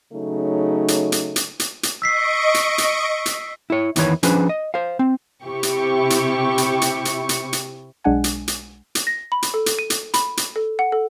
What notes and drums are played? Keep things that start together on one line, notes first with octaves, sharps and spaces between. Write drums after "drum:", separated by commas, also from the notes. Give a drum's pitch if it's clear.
C#3 F#3 A3 D#4
drum: hi-hat
drum: hi-hat
drum: hi-hat
drum: hi-hat
drum: hi-hat
D#5 C#6 E6 B6 C7 D7
drum: hi-hat
drum: hi-hat
drum: hi-hat
E4 C#5
E2 D#3 E3 B4 C#5, drum: hi-hat
F3 C#4 D4 G#4 B4 C5, drum: hi-hat
D#5
C5 F5
C4
C3 E4 G4 C#6
drum: hi-hat
drum: hi-hat
drum: hi-hat
drum: hi-hat
drum: hi-hat
drum: hi-hat
drum: hi-hat
B1 G#3 D4 F#5 G#5
drum: hi-hat
drum: hi-hat
drum: hi-hat
A#6
B5
drum: hi-hat
A4
drum: hi-hat
D#7
drum: hi-hat
B5, drum: hi-hat
drum: hi-hat
A4
F#5
A4